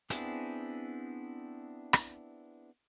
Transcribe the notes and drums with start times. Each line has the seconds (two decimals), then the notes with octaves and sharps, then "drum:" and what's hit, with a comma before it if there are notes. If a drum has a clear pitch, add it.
0.10 B3 C4 D4 E4 G#4, drum: hi-hat
1.93 drum: rim click